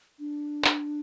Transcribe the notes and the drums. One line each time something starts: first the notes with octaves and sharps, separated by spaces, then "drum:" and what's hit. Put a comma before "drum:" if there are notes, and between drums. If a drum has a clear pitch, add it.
D4
drum: clap